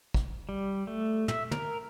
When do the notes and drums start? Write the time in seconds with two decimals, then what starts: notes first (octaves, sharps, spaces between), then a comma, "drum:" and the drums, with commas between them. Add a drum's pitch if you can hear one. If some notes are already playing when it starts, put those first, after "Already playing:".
0.14 drum: kick
0.49 G3
0.87 A3
1.28 E5, drum: tom
1.51 A#4, drum: tom